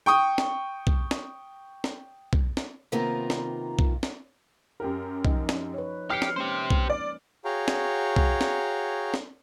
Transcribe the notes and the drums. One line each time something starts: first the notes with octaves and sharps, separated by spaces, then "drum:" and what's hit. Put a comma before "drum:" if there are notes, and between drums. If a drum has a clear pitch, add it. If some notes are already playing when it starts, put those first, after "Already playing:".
G5 C#6 D#6
drum: snare
drum: kick B1
drum: snare
drum: snare
drum: kick B1
drum: snare
C3 D#3 A#3 B3 F4 A#4
drum: snare
drum: kick B1
drum: snare
F#2 G4 A#4
F3 D#4 D#5, drum: kick B1
drum: snare
B4 C#5
G4 F6 C7 C#7
drum: snare
G#3 A#3 C#4 G4 C5
drum: kick B1
D5
F#4 G#4 C#5 F5 G5 A#5
drum: snare
drum: kick B1
drum: snare
drum: snare